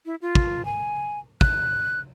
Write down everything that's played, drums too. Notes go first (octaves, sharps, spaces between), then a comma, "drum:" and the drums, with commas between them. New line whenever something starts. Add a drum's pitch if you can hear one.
E4
F4
drum: kick
G#5
F#6, drum: kick